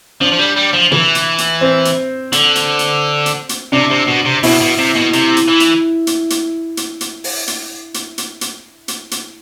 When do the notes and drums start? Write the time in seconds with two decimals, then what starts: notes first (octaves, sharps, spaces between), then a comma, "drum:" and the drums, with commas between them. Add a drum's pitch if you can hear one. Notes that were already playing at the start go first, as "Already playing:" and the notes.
0.21 F3 D4
0.32 F3
0.39 G3
0.56 G3
0.73 F3
0.92 E3, drum: tom
1.15 drum: hi-hat
1.38 drum: hi-hat
1.61 C4
1.85 drum: hi-hat
2.32 D3, drum: hi-hat
2.55 drum: hi-hat
2.79 drum: hi-hat
3.26 drum: hi-hat
3.49 drum: hi-hat
3.72 C3 D4
3.90 C3
4.07 B2
4.25 C3
4.43 B2 E4, drum: open hi-hat
4.60 B2
4.78 C3
4.95 B2
5.13 C3, drum: hi-hat
5.37 drum: hi-hat
5.48 E3
5.60 drum: hi-hat
6.07 drum: hi-hat
6.30 drum: hi-hat
6.77 drum: hi-hat
7.01 drum: hi-hat
7.24 drum: open hi-hat
7.47 drum: hi-hat
7.94 drum: hi-hat
8.18 drum: hi-hat
8.41 drum: hi-hat
8.88 drum: hi-hat
9.11 drum: hi-hat